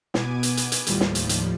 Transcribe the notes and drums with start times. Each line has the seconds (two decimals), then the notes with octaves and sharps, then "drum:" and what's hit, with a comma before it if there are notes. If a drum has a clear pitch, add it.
0.14 B2 B3 G#5 D6 G#6 D#7, drum: snare
0.43 drum: hi-hat
0.57 drum: hi-hat
0.72 drum: hi-hat
0.87 D#2 A2 F3 G3, drum: hi-hat
1.00 drum: snare
1.15 drum: hi-hat
1.29 drum: hi-hat